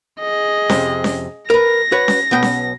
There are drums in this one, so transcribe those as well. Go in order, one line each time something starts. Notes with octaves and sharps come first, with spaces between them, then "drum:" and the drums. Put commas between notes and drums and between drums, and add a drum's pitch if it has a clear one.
G#4 D#5
F2 C3, drum: snare C#4
drum: snare C#4
A#4 B4 A#6
F#4 B4 C#5
drum: snare C#4
B1 B3 G5
drum: snare C#4